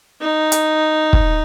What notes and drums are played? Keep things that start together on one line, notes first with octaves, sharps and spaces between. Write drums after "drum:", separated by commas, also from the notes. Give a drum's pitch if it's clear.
D#4
drum: hi-hat
drum: kick